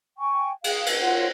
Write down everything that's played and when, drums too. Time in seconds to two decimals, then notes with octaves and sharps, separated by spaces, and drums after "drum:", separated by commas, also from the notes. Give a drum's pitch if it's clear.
0.18 G5 G#5 C#6
0.64 G#4 F5, drum: cymbal
0.86 drum: cymbal
1.01 F4 A#4 C#5 F#5